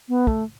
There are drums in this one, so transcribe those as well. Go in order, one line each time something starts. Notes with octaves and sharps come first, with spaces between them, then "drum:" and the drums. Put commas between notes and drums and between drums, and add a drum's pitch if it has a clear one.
B3
A3, drum: kick